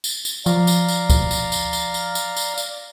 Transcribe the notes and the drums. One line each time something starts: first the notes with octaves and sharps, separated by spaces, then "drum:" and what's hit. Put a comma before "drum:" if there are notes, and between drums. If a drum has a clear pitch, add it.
drum: tambourine
drum: tambourine
F3 D5 F5 A#5, drum: tambourine
drum: tambourine
drum: tambourine
drum: kick C#2, tambourine
drum: tambourine
drum: tambourine
drum: tambourine
drum: tambourine
drum: tambourine
drum: tambourine
drum: tambourine